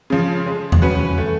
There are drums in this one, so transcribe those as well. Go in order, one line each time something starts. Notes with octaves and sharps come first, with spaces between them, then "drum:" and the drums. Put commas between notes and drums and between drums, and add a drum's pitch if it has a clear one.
C#3 F3
G#3
drum: tom E2
C#4 F#4 B4
A3